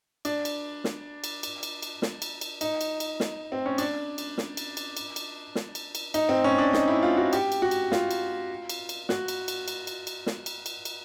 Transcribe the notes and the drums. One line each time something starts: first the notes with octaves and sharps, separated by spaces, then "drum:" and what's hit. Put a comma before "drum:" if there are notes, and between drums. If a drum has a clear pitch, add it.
D4, drum: cymbal
drum: cymbal
drum: snare
drum: cymbal
drum: cymbal
drum: cymbal
drum: cymbal
drum: snare
drum: cymbal
drum: cymbal
D#4, drum: cymbal
drum: cymbal
drum: cymbal
drum: snare
C4
C#4
D4, drum: cymbal
drum: cymbal
drum: snare
drum: cymbal
drum: cymbal
drum: cymbal
drum: cymbal
drum: snare
drum: cymbal
drum: cymbal
D#4, drum: cymbal
C4
C#4
D4
D#4, drum: snare
E4
F4
F#4
G4, drum: cymbal
drum: cymbal
F#4
drum: cymbal
F4, drum: snare
drum: cymbal
drum: cymbal
drum: cymbal
F#4, drum: snare
drum: cymbal
drum: cymbal
drum: cymbal
drum: cymbal
drum: cymbal
drum: snare
drum: cymbal
drum: cymbal
drum: cymbal